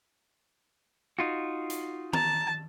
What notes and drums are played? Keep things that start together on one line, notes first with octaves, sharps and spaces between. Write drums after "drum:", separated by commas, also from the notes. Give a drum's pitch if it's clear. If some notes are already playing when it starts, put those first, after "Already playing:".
D#4 F4 F#4
drum: hi-hat
A5 A#5, drum: tom D#3